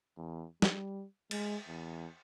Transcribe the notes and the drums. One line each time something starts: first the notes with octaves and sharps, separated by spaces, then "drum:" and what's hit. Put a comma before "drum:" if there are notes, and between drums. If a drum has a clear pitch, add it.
E2
G3, drum: snare
G#3, drum: cymbal
E2